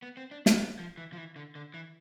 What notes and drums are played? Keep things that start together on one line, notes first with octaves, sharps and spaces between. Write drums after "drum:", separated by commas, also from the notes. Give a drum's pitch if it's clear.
B3
C4
D4
C4, drum: snare
B3
F3
E3
F3
E3
D3
D3
E3